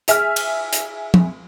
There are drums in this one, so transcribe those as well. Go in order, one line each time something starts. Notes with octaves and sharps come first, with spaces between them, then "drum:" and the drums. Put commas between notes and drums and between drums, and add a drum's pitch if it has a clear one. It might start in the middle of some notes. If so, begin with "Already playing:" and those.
G#4 E5 G#5 F6, drum: hi-hat
drum: cymbal
drum: hi-hat
drum: tom